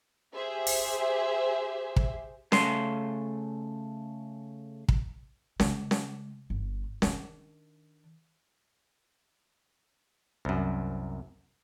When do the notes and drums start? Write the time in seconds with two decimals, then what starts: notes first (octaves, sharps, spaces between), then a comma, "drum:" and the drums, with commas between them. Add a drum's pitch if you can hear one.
0.34 G4 G#4 C5 E5
0.67 drum: open hi-hat
1.96 drum: kick
2.52 C#3 A3 C6, drum: snare C#4
4.89 drum: kick
5.60 C#3 G#3, drum: snare C#4
5.91 drum: snare C#4
6.50 G1
7.02 D#3 D4, drum: snare C#4
10.45 C2 F#2